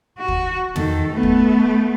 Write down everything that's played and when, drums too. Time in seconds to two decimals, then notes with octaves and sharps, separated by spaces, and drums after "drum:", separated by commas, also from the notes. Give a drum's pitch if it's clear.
0.18 F#4
0.28 drum: kick
0.76 D#3 A4, drum: tom
1.11 A3 B3
1.23 drum: kick